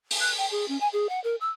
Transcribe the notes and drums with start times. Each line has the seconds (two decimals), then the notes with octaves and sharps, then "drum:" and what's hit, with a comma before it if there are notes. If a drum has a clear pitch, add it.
0.11 drum: open hi-hat
0.20 F#6
0.38 G5
0.51 G#4
0.68 C#4
0.81 G#5
0.93 G#4
1.09 F#5
1.24 A#4
1.41 E6